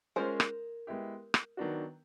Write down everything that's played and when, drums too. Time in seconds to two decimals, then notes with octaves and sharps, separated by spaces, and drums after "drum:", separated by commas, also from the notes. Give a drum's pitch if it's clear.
0.16 G#3 C#4 F4 G#4 A#4 C5
0.40 drum: rim click
0.87 G#3 B3 E4 G4
1.34 drum: rim click
1.57 D#3 F#3 B3 D4 F#4